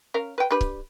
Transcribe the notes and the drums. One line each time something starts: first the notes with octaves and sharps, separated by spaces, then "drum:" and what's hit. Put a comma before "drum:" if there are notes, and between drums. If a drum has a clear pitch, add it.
C#4 A#4 F5
B4 G5
D4 G4 B4
drum: kick C#1